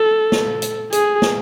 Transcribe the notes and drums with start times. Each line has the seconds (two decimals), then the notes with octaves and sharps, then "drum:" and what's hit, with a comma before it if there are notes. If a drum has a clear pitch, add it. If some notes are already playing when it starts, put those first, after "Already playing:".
Already playing: A4
0.32 drum: snare
0.62 drum: hi-hat
0.92 G#4, drum: hi-hat
1.22 drum: snare